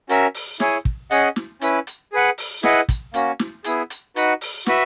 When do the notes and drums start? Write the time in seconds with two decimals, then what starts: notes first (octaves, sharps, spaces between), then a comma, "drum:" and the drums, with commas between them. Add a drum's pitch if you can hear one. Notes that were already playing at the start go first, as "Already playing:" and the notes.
0.09 C#4 F#4 A#4 E5, drum: hi-hat
0.34 drum: open hi-hat
0.60 E4 G#4 C#5 G#5, drum: snare
0.85 drum: kick
1.11 C#4 G#4 D#5 F#5, drum: hi-hat
1.36 drum: snare
1.61 C#4 E4 B4, drum: hi-hat
1.87 drum: hi-hat
2.12 G#4 B4 F#5
2.38 drum: open hi-hat
2.63 E4 G#4 B4 D#5 F#5, drum: snare
2.89 drum: kick, hi-hat
3.14 A#3 C#4 F#4, drum: hi-hat
3.39 drum: snare
3.64 B3 E4 G#4, drum: hi-hat
3.90 drum: hi-hat
4.16 D#4 F#4 B4 F#5, drum: hi-hat
4.41 drum: open hi-hat
4.66 F#4 B4 E5, drum: snare